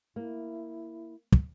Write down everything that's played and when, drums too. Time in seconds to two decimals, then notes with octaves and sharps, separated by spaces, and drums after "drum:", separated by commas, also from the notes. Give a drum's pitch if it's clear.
0.16 A#3 E4
1.32 drum: kick